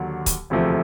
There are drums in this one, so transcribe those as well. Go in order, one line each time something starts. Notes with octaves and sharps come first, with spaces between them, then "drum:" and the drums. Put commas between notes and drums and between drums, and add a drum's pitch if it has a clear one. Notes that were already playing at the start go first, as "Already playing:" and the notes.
Already playing: D#2 D3 F#3
drum: kick C#1, hi-hat
E1 D2 C3 F3 A3